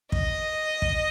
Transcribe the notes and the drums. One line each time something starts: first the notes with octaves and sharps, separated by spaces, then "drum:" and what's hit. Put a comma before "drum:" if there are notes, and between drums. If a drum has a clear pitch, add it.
D#5, drum: kick
drum: kick